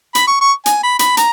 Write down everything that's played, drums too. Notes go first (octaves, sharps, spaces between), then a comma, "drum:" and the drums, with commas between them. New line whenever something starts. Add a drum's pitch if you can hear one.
B5, drum: hi-hat
C#6
C#6
G#5, drum: hi-hat
B5
B5, drum: hi-hat
A#5, drum: hi-hat